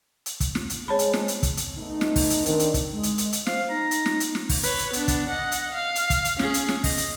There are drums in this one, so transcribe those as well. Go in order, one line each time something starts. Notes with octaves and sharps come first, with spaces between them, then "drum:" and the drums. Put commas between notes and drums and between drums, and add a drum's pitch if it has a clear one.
drum: hi-hat
drum: kick, hi-hat
drum: snare
drum: hi-hat
G#3 C4 G#4 C#5 A5 B5
drum: hi-hat
drum: snare
drum: hi-hat
drum: kick, hi-hat
drum: hi-hat
A3 B3 D#4
drum: snare
drum: kick, open hi-hat
drum: hi-hat
D#3 C4 D4, drum: hi-hat
drum: hi-hat
drum: kick, hi-hat
G#3
drum: hi-hat
drum: hi-hat
drum: hi-hat
C5 F5, drum: snare
D#4 A#5
drum: hi-hat
drum: snare
drum: hi-hat
drum: snare
drum: kick, open hi-hat
B4 C#5, drum: hi-hat
drum: hi-hat
B3 D4, drum: hi-hat
drum: kick, hi-hat
D#5 F#5
drum: hi-hat
F5
drum: hi-hat
drum: kick, hi-hat
drum: hi-hat
C#4 G#4, drum: snare
drum: hi-hat
drum: snare
D#5, drum: kick, open hi-hat
drum: hi-hat